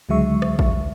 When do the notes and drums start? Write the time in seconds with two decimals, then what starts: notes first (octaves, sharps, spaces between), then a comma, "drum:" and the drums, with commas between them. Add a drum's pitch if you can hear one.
0.09 C#2 D3 F#3 G#3 E5 C#6
0.42 drum: rim click
0.59 drum: kick